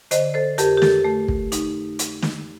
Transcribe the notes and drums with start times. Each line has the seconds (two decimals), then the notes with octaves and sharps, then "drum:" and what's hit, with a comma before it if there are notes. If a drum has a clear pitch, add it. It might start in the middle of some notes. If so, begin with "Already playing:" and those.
0.11 D3 C5 D#5, drum: hi-hat
0.34 A4 C5
0.58 F2 G4 A#4, drum: hi-hat
0.77 G4
0.82 A4, drum: snare
1.04 A3
1.28 drum: kick
1.52 D#4, drum: hi-hat
1.99 drum: hi-hat
2.22 drum: snare